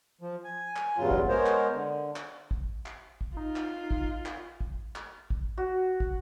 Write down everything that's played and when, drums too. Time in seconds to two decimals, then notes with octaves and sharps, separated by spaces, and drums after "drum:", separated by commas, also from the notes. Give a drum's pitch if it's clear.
0.21 F3
0.44 G#5
0.76 drum: clap
0.98 E2 G2 C#3 F#3 F4
1.11 drum: kick
1.29 G#3 B3 A#4 C5 C#5
1.46 drum: clap
1.74 D3
2.16 drum: clap
2.51 drum: kick
2.86 drum: clap
3.21 drum: kick
3.37 D#4 F4
3.56 drum: clap
3.91 drum: kick
4.26 drum: clap
4.61 drum: kick
4.96 drum: clap
5.30 drum: kick
5.58 F#4
6.00 drum: kick